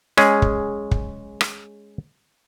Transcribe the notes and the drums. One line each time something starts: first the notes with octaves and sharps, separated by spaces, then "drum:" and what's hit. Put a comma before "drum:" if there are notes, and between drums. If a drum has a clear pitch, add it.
G#3 C#4 G#4, drum: rim click
drum: kick
drum: kick
drum: rim click